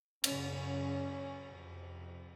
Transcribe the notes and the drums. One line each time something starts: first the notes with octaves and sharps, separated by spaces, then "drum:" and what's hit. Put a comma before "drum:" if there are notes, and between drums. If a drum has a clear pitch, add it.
F#2 C#3 C#4, drum: cymbal
C#4
F2 C3